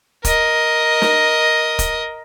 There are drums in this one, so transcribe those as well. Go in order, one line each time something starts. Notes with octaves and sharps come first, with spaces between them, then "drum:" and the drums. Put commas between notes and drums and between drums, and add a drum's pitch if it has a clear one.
A#4 D#5, drum: kick, hi-hat
drum: snare
drum: kick, hi-hat